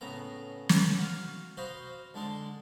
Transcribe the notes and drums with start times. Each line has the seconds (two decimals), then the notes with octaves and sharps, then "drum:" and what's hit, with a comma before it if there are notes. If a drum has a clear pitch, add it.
0.01 A2 C#3 B3 A#5
0.69 drum: snare
0.98 F#4 F5
1.57 F#4 C5 D#5 F5 B5
2.14 D3 G#3 D4 C6